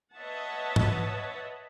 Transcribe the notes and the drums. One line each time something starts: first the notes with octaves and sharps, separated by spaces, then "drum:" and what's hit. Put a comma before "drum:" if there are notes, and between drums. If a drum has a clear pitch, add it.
B4 C#5 D#5 E5 F#5 A5
drum: tom